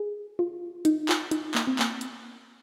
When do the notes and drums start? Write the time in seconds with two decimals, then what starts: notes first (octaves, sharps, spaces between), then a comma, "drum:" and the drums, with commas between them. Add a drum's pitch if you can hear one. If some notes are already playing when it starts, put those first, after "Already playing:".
Already playing: G#4
0.39 F4
0.85 D#4, drum: hi-hat
1.09 F4, drum: clap
1.31 D#4, drum: hi-hat
1.55 A#3, drum: clap
1.67 C4
1.79 A#3, drum: clap
2.01 drum: hi-hat